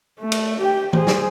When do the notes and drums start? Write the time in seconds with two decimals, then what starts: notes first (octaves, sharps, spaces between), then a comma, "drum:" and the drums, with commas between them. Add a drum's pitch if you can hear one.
0.20 A3
0.32 drum: cymbal
0.61 G4 G5
0.93 G#4 C5, drum: tom E3
1.07 drum: snare